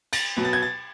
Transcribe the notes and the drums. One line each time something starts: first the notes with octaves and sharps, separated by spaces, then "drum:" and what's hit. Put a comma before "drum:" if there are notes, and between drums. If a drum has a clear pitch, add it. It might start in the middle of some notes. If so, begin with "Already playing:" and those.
A6, drum: cymbal
B2 F#3 B3
A6
G#6
A6